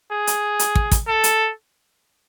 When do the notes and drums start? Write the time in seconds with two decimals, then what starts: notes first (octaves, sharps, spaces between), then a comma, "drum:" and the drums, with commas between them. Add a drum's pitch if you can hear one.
0.12 G#4
0.27 drum: hi-hat
0.59 drum: hi-hat
0.75 drum: kick
0.91 drum: kick, hi-hat
1.08 A4
1.24 drum: hi-hat